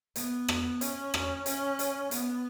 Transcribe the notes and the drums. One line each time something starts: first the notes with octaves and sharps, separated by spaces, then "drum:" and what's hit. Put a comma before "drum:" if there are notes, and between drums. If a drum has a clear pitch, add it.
B3, drum: hi-hat
drum: rim click
C#4, drum: hi-hat
drum: rim click
C#4, drum: hi-hat
drum: hi-hat
B3, drum: hi-hat